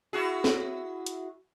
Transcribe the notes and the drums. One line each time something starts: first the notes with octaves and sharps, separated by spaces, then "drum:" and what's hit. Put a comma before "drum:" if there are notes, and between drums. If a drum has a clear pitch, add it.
E4 F#4 G#4
drum: snare
drum: hi-hat